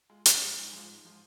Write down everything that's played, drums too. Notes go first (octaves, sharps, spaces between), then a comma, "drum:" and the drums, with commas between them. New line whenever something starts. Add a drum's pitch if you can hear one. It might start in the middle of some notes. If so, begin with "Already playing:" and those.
G#3 F4
A#2, drum: hi-hat
G#3 F4
G#2
F3 G#3 F4
G#2
F3 G#3 F4